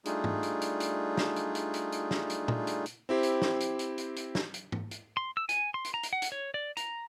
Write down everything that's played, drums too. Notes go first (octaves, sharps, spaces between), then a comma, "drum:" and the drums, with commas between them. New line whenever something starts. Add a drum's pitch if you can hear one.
G3 A3 D4 D#4 F4 G#4, drum: hi-hat
drum: tom
drum: hi-hat
drum: hi-hat
drum: hi-hat
drum: snare
drum: hi-hat
drum: hi-hat
drum: hi-hat
drum: hi-hat
drum: snare
drum: hi-hat
drum: tom
drum: hi-hat
drum: hi-hat
C4 E4 G4 C5
drum: hi-hat
drum: snare
drum: hi-hat
drum: hi-hat
drum: hi-hat
drum: hi-hat
drum: snare
drum: hi-hat
drum: tom
drum: hi-hat
C6
E6
G#5, drum: hi-hat
C6
drum: hi-hat
A#5
drum: hi-hat
F#5
drum: hi-hat
C#5
D5
A#5, drum: hi-hat